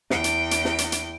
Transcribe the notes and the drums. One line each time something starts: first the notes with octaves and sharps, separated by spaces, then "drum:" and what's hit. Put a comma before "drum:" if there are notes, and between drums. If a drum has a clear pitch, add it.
E2 G5, drum: snare
drum: hi-hat
drum: hi-hat
drum: snare
drum: hi-hat
drum: hi-hat